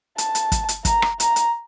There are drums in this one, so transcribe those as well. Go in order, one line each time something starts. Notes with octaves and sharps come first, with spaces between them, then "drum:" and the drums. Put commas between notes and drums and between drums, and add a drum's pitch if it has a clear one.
A5, drum: hi-hat
drum: hi-hat
drum: kick, hi-hat
drum: hi-hat
A#5, drum: kick, hi-hat
drum: rim click
A#5, drum: hi-hat
drum: hi-hat